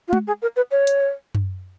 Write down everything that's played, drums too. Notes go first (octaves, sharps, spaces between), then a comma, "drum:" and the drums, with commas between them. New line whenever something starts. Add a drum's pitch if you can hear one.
F4
F#4, drum: tom G#3
G#4
A#4
B4
C#5
drum: hi-hat
drum: tom F#2